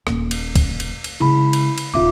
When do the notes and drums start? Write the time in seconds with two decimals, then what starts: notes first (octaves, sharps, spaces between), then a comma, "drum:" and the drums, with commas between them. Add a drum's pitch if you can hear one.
0.07 D#1 A#3, drum: rim click
0.31 drum: cymbal
0.55 drum: kick, cymbal
0.80 drum: cymbal
1.04 drum: cymbal
1.20 C#3 G#3 E4 B5
1.53 drum: cymbal
1.78 drum: cymbal
1.94 D#1 D#4 F4 E5 D6